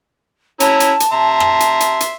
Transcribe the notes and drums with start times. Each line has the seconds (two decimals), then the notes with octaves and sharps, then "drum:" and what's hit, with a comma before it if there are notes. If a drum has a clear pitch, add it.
0.60 C#4 E4 A5 A#5, drum: hi-hat
0.80 drum: hi-hat
1.00 drum: hi-hat
1.12 E5 A#5 C6
1.40 drum: rim click
1.60 drum: hi-hat
1.80 drum: hi-hat
2.00 drum: hi-hat